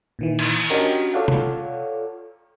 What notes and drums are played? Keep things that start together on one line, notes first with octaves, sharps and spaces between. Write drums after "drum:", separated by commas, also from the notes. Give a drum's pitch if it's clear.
A#2 D#3 E3
drum: cymbal
C#4 D4 F#4 G4 A#4 D#5, drum: hi-hat
F4 A4 C#5 D5 F5 F#5
drum: tom C3